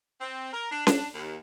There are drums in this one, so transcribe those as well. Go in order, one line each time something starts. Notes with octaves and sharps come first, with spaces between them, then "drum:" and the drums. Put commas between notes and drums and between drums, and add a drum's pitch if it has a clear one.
C4
A#4
D4
D4, drum: snare C#4
D#2